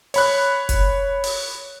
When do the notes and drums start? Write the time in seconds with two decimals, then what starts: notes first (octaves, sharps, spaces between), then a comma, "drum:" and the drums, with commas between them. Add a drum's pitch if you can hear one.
0.14 C#5 B5 F#6, drum: open hi-hat
0.69 drum: kick F1, hi-hat
1.24 drum: open hi-hat